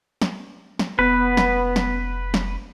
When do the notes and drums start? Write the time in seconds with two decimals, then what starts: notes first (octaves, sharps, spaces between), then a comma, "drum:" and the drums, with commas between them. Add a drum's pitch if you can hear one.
0.22 drum: snare
0.79 drum: snare
0.99 F1 B3 B4
1.37 drum: snare
1.76 drum: snare
2.34 drum: snare